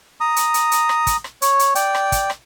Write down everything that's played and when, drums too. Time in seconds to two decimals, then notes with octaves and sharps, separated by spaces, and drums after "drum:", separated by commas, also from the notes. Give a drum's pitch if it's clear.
0.20 A#5 D#6
0.36 drum: hi-hat
0.54 drum: hi-hat
0.72 drum: hi-hat
0.89 drum: rim click
1.07 drum: kick, hi-hat
1.24 drum: rim click
1.42 C#5, drum: hi-hat
1.59 drum: hi-hat
1.75 D5 G5, drum: hi-hat
1.94 drum: rim click
2.12 drum: kick, hi-hat
2.30 drum: rim click